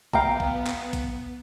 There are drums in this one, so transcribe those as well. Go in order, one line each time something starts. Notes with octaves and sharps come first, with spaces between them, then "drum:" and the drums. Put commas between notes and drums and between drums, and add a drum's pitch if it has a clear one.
B3 F5 G5 A#5, drum: kick A#1
drum: kick A#1
drum: clap
drum: kick A#1, hi-hat